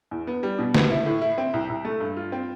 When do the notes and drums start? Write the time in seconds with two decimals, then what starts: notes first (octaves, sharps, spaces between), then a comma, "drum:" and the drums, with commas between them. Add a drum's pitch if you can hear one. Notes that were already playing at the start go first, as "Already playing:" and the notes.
0.11 E2
0.27 B3
0.43 G3
0.58 B2
0.75 B4, drum: snare
0.90 E4
1.06 A2
1.22 E4
1.38 C4
1.54 C2
1.69 C2
1.85 A3
2.00 G2
2.17 F4
2.32 C4